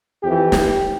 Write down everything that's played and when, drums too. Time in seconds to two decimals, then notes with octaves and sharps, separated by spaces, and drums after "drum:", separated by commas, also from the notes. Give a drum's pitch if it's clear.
0.23 F2 E3 G4
0.52 drum: snare